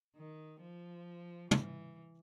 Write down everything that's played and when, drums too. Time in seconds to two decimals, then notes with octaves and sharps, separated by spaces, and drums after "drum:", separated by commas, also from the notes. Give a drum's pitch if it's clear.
0.16 D#3
0.61 F3
1.51 E3, drum: tom